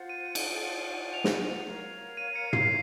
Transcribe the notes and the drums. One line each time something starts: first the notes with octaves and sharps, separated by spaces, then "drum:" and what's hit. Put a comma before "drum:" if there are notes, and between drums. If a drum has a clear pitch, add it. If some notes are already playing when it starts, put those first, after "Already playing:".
Already playing: F4 C5 F#5
D#7
drum: cymbal
F7
drum: snare
A#4 C#5 F5
D#7
C#7
C7, drum: tom